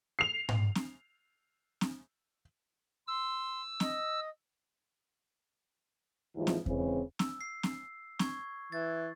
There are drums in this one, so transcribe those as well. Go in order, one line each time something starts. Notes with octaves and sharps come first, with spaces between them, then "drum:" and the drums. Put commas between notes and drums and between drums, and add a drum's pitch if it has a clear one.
C7 F7
drum: tom G#2
drum: snare C4
drum: snare C4
C6 E6
D#5, drum: snare C4
D#2 G#2 E3 F3
drum: snare C4
C#3 E3 G#3 C4, drum: kick E2
E6, drum: snare C4
C7
drum: snare C4
C#6 G#6, drum: snare C4
E3 A6